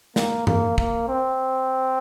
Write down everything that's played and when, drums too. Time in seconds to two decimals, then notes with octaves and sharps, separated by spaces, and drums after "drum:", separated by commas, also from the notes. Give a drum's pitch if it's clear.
0.16 A#3, drum: snare
0.47 A#3, drum: tom G2
0.78 A#3, drum: kick
1.08 C4